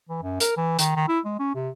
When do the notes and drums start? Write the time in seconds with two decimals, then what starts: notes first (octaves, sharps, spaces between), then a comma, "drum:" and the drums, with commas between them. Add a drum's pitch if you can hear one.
0.09 E3
0.22 F#2
0.40 A#4, drum: hi-hat
0.57 E3
0.79 D#3, drum: hi-hat
0.96 D#3
1.08 E4
1.25 G#3
1.39 C#4
1.55 C3